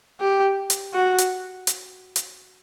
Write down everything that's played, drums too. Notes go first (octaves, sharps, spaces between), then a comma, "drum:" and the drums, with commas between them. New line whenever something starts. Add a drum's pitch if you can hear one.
G4
drum: hi-hat
F#4
drum: hi-hat
drum: hi-hat
drum: hi-hat